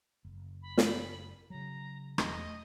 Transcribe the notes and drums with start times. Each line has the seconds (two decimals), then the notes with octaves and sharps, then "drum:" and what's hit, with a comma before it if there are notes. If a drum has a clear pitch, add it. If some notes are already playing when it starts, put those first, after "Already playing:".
0.25 F#1
0.62 B5
0.78 drum: snare
1.50 C#3 F#3 A#5
2.18 E1 A3 D#5, drum: rim click